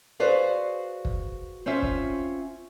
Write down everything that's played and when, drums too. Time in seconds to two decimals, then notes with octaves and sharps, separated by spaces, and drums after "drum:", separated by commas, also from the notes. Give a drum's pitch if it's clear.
0.20 F#4 G#4 B4 C5 D5 F5
1.05 drum: kick
1.66 C4 C#4 F4 E5
1.82 drum: kick